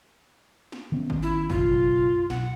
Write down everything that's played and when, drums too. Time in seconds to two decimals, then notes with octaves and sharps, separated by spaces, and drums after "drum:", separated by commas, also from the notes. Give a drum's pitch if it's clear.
0.72 drum: snare
0.92 D#3 B3 C#4
1.10 drum: kick G#1
1.23 E4
1.50 F#1 B1 F4, drum: kick G#1
2.30 B1 F#5, drum: snare